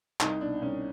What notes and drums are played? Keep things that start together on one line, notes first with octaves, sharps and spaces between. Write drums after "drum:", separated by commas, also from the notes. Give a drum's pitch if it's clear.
C2 D#4, drum: clap
B2 D4
C2 C#4